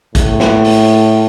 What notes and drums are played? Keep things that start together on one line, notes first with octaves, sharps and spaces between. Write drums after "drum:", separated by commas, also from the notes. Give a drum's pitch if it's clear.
A2, drum: kick, hi-hat
drum: snare
drum: open hi-hat